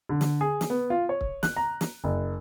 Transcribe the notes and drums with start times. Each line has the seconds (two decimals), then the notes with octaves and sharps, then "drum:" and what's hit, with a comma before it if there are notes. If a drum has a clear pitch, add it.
0.09 D3
0.21 drum: snare
0.41 G#4
0.61 drum: snare
0.70 B3
0.90 F4
1.09 C#5
1.21 drum: kick
1.43 F#6, drum: snare
1.57 A#5
1.81 drum: snare
2.04 F#1